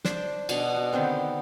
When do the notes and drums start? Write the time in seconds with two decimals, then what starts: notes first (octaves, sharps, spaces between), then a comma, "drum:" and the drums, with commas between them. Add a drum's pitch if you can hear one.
0.05 D4 C5 A5 D6, drum: snare
0.49 B2 D4 D#5, drum: cymbal
0.76 F#4
0.93 D3 D#3 B3 C4